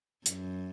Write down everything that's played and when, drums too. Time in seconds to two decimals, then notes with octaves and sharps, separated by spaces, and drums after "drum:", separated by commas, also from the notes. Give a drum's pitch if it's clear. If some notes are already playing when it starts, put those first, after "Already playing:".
0.26 F#2, drum: hi-hat